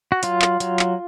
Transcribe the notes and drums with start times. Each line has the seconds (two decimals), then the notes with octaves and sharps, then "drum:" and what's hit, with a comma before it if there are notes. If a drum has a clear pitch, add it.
0.12 F#4
0.23 F#3 F4, drum: hi-hat
0.42 drum: clap
0.60 F#3, drum: hi-hat
0.79 drum: clap